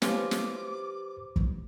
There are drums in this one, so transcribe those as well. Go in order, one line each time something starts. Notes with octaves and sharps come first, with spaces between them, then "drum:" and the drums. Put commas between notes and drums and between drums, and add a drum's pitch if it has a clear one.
F3 C#4 F#4 G4 B4 C5 D6, drum: snare
drum: snare
drum: kick